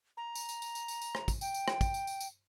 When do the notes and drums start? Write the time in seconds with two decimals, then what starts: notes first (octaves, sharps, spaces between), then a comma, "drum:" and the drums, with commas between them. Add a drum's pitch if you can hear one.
0.17 A#5
0.35 drum: tambourine
0.49 drum: tambourine
0.62 drum: tambourine
0.75 drum: tambourine
0.88 drum: tambourine
1.02 drum: tambourine
1.15 drum: rim click
1.28 drum: kick, tambourine
1.41 G5, drum: tambourine
1.54 drum: tambourine
1.68 drum: rim click
1.81 drum: kick, tambourine
1.94 drum: tambourine
2.07 drum: tambourine
2.20 drum: tambourine